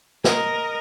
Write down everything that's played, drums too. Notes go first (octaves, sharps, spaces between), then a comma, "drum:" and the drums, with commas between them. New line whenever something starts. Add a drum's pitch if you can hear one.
A#4 D#5, drum: snare